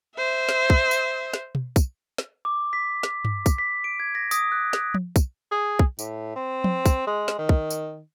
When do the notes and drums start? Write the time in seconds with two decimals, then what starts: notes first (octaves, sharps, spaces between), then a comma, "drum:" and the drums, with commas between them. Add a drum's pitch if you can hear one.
0.17 C5 E5
0.49 drum: snare
0.70 drum: kick
0.91 drum: tambourine
1.34 drum: snare
1.55 drum: tom B2
1.76 drum: kick, tambourine
2.18 drum: snare
2.45 D6
2.73 B6
3.03 drum: snare
3.25 drum: tom G2
3.46 drum: kick, tambourine
3.58 B6
3.84 D7
4.00 G#6
4.15 A#6
4.31 D#6, drum: tambourine
4.52 F#6
4.73 drum: snare
4.94 drum: tom F3
5.16 drum: kick, tambourine
5.52 G#4
5.79 drum: kick
5.99 A2, drum: tambourine
6.36 C4
6.64 drum: tom F3
6.86 drum: kick, tambourine
7.07 G#3
7.28 drum: snare
7.39 D#3
7.49 drum: kick
7.70 drum: tambourine